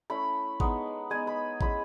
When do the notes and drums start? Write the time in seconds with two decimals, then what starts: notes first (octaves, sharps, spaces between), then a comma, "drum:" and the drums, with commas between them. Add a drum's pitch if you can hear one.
0.10 A3 C#4 E4 B5
0.60 G#3 B3 D#4, drum: kick
1.10 G#3 B3 D#4 G#5
1.27 B5
1.61 G#3 C#4 E4 B5, drum: kick